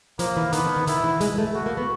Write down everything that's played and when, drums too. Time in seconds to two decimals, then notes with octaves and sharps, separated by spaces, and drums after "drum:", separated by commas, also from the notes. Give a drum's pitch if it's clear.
0.19 F3 A#3, drum: hi-hat
0.37 E3
0.53 D#3 B3, drum: hi-hat
0.64 D3
0.76 D#3
0.87 D#3 E4, drum: hi-hat
1.04 E3
1.21 G#3, drum: hi-hat
1.38 A3
1.55 A3 F#4
1.66 A#3
1.77 B3